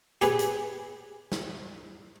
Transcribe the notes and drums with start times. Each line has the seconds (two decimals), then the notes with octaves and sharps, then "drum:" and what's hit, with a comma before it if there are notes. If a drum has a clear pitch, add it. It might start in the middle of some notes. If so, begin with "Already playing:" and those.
0.21 G4 G#4 B4, drum: hi-hat
0.39 drum: hi-hat
1.32 drum: snare